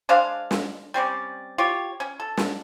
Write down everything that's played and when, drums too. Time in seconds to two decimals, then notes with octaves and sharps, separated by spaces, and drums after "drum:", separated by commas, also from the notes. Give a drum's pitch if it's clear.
0.09 G#3 D4 C5 F5
0.51 drum: snare
0.94 G3 C4 C#4 D5
1.58 F4 G4 C#5
2.00 C#4
2.20 A4
2.37 drum: snare